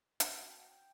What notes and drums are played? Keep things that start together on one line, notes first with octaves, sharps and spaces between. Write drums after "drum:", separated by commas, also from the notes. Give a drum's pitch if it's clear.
F#4 G5, drum: hi-hat
F#5
G5
F#5
G5